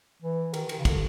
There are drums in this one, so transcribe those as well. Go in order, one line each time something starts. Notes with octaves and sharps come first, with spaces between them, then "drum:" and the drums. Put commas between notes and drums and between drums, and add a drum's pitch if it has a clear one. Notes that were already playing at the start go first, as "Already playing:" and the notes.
E3
D#3, drum: cymbal
D#3, drum: cymbal
C#3
D3, drum: kick, cymbal